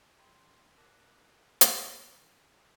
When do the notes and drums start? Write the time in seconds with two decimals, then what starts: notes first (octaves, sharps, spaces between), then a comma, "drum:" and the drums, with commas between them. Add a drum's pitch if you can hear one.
0.20 G5 B5 C6 G#6
0.78 A#4 F#5 A5 D6 F#6 A#6
1.61 drum: hi-hat